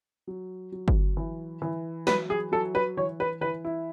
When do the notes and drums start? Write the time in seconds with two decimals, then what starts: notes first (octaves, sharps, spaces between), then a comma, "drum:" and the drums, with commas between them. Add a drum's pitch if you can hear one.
0.27 F#3
0.72 F#3
0.88 drum: kick G1
1.17 E3
1.62 E3
2.07 F#3 B4, drum: snare
2.30 G#4
2.52 F#3 A4
2.75 B4
2.97 E3 C#5
3.20 B4
3.41 E3 B4
3.65 E4